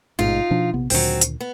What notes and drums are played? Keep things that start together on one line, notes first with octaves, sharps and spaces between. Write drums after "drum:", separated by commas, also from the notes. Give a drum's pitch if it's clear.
A1 G#2 B2 D#4 F4
B2 F3 D4
A#1 C3 B3
D2 A#2 D#3 F#3 C4, drum: open hi-hat
drum: hi-hat
B3